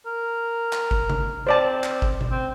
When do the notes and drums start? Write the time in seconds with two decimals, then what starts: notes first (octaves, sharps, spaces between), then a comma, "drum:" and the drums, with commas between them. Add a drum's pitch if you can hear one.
0.06 A#4
0.73 drum: clap
0.91 drum: kick G1
1.10 drum: tom C3
1.47 C4 C5 D5 A5
1.84 drum: clap
2.02 drum: kick G1
2.21 drum: tom B2
2.31 C4